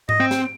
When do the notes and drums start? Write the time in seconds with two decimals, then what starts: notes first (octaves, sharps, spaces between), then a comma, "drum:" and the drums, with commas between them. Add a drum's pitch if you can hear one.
0.09 D#5, drum: tom G#2
0.20 C4
0.31 drum: snare